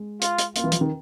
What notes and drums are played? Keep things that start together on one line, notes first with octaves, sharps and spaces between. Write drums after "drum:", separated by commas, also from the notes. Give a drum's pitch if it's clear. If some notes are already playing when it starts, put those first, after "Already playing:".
Already playing: G#3
F4, drum: hi-hat
drum: hi-hat
A#3 F4, drum: hi-hat
E3
F3, drum: hi-hat
D#3